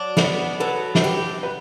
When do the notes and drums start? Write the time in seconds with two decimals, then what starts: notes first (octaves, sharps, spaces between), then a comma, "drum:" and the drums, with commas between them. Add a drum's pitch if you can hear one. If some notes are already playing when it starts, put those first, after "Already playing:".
Already playing: F#3 D4
0.17 B3, drum: snare
0.60 F#3 A4 B4
0.95 drum: snare
1.04 G4
1.43 B4